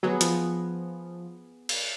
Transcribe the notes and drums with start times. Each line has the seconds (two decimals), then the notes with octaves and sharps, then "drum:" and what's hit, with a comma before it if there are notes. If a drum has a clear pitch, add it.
0.03 F#3 B3 G#4 D#5
0.21 F3, drum: hi-hat
1.69 drum: cymbal